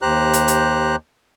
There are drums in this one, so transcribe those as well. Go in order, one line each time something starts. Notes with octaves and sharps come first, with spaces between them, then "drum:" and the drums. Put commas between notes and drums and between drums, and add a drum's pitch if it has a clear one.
D#2 G4 C5 A#5 F#6
drum: hi-hat
drum: hi-hat